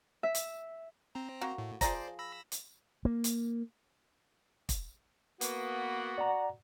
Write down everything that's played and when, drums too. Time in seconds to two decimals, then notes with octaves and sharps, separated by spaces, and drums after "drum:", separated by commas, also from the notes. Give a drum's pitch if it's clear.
0.23 E5
0.35 drum: hi-hat
1.15 C4 A#5
1.41 A#3 F#4
1.58 A2
1.81 F3 G#4 C5 D5 A#5, drum: kick, hi-hat
2.19 B5 E6 A#6
2.52 drum: hi-hat
3.05 A#3
3.24 drum: hi-hat
4.69 drum: kick, hi-hat
5.41 A#3 B3 F#4, drum: hi-hat
6.18 D5 F#5 A#5